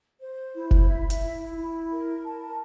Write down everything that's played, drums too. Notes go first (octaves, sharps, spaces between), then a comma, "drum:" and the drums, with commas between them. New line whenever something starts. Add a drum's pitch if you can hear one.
C5
E4
drum: kick F1
E5
drum: hi-hat
E4
E4
A#4
A5